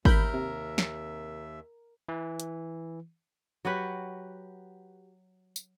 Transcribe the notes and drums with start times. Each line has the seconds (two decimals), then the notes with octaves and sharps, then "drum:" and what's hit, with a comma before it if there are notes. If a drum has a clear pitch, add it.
0.05 A1 D#2 A#4 E5 B5 G6, drum: kick G#1
0.34 C3
0.78 drum: snare
2.09 E3
2.40 drum: hi-hat
3.65 F#3 F#4 G4 B4
5.56 drum: tambourine